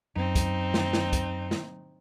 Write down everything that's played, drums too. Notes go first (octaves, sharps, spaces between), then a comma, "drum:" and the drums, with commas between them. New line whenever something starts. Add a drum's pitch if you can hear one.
F#2 C4 D#4
drum: kick, hi-hat
drum: snare
drum: snare
drum: kick, hi-hat
drum: snare